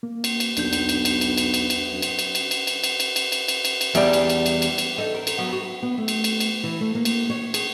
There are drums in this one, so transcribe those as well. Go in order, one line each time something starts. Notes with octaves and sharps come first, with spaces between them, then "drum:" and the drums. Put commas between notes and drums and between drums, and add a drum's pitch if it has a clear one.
A#3
drum: cymbal
drum: cymbal
B1 E2 D4 G6, drum: cymbal
drum: cymbal
drum: cymbal
drum: cymbal
drum: cymbal
drum: cymbal
drum: cymbal
drum: cymbal
F#2
drum: cymbal
drum: cymbal
drum: cymbal
drum: cymbal
drum: cymbal
drum: cymbal
drum: cymbal
drum: cymbal
drum: cymbal
drum: cymbal
drum: cymbal
drum: cymbal
E2 G3, drum: cymbal
drum: cymbal
drum: cymbal
drum: cymbal
drum: cymbal
drum: cymbal
D#4 A4
A#4
drum: cymbal
F#3 B3
F#4
B3
A3
drum: cymbal
drum: cymbal
drum: cymbal
E3
A3
A#3
drum: cymbal
C#5
G#4, drum: cymbal